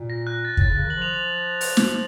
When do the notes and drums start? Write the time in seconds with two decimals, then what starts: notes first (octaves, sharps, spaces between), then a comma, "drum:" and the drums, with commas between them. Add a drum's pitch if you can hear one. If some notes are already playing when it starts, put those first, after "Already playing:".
Already playing: A#2
0.10 A#6
0.27 F#6
0.45 A6
0.57 A2 A6, drum: kick
0.70 C#3
0.83 D#3
0.90 F#7
0.96 F3
1.02 F7
1.14 F#7
1.61 drum: open hi-hat
1.77 drum: snare